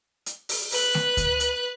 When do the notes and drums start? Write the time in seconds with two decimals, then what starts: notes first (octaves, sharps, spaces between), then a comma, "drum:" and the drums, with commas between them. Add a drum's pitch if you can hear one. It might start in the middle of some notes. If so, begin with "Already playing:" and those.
0.26 drum: hi-hat
0.49 drum: open hi-hat
0.72 B4 F#6, drum: open hi-hat
0.94 drum: snare A3
1.17 drum: kick D2, hi-hat
1.40 drum: hi-hat